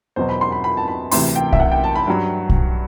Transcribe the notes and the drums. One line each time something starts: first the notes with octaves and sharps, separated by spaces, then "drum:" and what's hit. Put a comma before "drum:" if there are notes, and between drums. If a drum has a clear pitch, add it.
E2 B2 F#3 C5
B5
C6
B5
B5
A5
B5
D2 C3 E3 C6, drum: open hi-hat
G5
E5, drum: kick
F#5
G5
A5
B5
G2 F#3
drum: kick